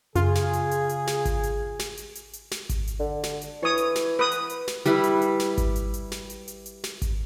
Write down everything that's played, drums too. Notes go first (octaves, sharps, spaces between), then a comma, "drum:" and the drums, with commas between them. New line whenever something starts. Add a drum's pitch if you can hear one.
F#2 C#3 F4 G#4, drum: hi-hat
drum: snare
drum: hi-hat
drum: hi-hat
drum: hi-hat
drum: snare
drum: kick G#1, hi-hat
drum: hi-hat
drum: snare
drum: hi-hat
drum: hi-hat
drum: hi-hat
drum: snare
drum: kick G#1, hi-hat
drum: hi-hat
D3
drum: snare
drum: hi-hat
E3 C#5 D#6
drum: hi-hat
drum: snare
B4 D#6
drum: hi-hat
drum: hi-hat
drum: snare
G3 E4 B4, drum: hi-hat
drum: hi-hat
drum: hi-hat
drum: snare
drum: kick G#1, hi-hat
drum: hi-hat
drum: hi-hat
drum: snare
drum: hi-hat
drum: hi-hat
drum: hi-hat
drum: snare
drum: kick G#1, hi-hat